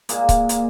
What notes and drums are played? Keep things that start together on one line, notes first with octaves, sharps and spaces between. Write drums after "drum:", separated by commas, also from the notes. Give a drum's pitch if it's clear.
A#2 G#3 A#3, drum: hi-hat
drum: kick C#1, hi-hat
A#3, drum: hi-hat